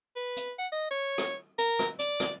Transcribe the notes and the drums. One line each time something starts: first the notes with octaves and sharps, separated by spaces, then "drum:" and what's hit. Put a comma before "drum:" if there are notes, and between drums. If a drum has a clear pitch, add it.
B4
drum: hi-hat
F#5
D#5
C#5
drum: rim click
A#4, drum: hi-hat
drum: rim click
D5, drum: hi-hat
drum: rim click